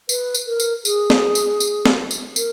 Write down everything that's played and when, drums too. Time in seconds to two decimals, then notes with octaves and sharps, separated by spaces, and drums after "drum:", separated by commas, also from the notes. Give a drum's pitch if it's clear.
0.09 B4, drum: tambourine
0.34 drum: tambourine
0.47 A#4
0.60 drum: tambourine
0.85 G#4, drum: tambourine
1.10 drum: snare
1.35 drum: tambourine
1.60 drum: tambourine
1.86 drum: snare
2.11 drum: tambourine
2.36 A#4, drum: tambourine